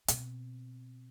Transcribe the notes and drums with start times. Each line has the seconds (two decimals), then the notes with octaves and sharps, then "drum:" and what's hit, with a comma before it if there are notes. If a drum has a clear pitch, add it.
0.08 B2 C4, drum: hi-hat